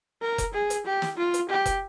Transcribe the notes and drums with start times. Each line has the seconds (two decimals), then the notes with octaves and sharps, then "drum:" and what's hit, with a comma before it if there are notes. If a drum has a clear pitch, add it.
0.22 A#4
0.38 drum: kick F1, hi-hat
0.54 G#4
0.70 drum: hi-hat
0.86 G4
1.02 drum: snare
1.18 F4
1.34 drum: hi-hat
1.49 G4
1.66 drum: kick F1, hi-hat